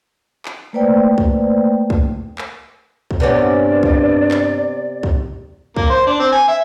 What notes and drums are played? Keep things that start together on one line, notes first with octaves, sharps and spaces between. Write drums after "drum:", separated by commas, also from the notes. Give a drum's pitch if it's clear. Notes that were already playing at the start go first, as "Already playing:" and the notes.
drum: clap
A3 A#3 B4 C5 D5 G5
drum: kick C2
drum: kick C2
drum: clap
drum: kick C2
G2 C3 B3 C#4 D5
drum: kick C2
drum: clap
drum: kick C2
A#3, drum: kick C2
C5
D4
C4
G#5
E5